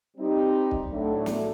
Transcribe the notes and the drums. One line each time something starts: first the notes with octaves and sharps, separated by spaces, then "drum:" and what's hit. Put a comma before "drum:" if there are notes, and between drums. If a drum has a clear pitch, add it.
G3 C4 D#4 G4
drum: kick
A2 F#3 A3 D4
drum: snare